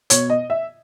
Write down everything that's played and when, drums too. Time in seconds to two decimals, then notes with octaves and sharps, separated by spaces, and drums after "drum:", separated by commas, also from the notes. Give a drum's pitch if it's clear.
0.10 B2 C#5, drum: hi-hat
0.30 D#5
0.50 E5